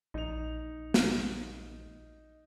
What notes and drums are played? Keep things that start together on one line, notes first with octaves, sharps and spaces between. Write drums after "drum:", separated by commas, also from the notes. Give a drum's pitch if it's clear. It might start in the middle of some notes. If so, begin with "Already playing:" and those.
A#1 D#4 F7
drum: snare